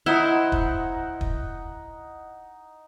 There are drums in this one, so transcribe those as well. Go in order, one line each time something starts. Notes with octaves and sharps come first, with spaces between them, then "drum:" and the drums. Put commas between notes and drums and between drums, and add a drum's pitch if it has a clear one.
D#4 E4 C5 F#5
drum: kick
drum: kick